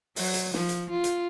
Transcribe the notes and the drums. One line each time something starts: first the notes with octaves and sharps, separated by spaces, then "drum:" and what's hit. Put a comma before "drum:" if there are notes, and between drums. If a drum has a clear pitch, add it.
F#3, drum: open hi-hat
drum: hi-hat
F3, drum: snare
drum: hi-hat
F4
drum: hi-hat